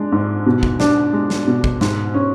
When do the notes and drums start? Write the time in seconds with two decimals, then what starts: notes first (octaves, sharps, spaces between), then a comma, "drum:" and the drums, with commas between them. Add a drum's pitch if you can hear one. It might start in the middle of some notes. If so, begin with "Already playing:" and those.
Already playing: G#3 D4
0.12 G#2
0.46 B2
0.63 drum: kick
0.80 D4, drum: snare
1.13 G#3
1.30 drum: snare
1.47 B2
1.64 drum: kick
1.81 G#2, drum: snare
2.14 C#4